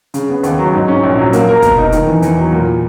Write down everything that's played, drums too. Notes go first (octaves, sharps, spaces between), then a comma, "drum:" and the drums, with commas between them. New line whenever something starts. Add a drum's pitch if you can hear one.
C#3, drum: hi-hat
B3
D#2, drum: hi-hat
F#3
G#2
C#4
A#1
F#3
A#3, drum: hi-hat
A#4
B2, drum: kick, hi-hat
D#4
D#3, drum: hi-hat
E2
E2, drum: hi-hat
F#3
A#2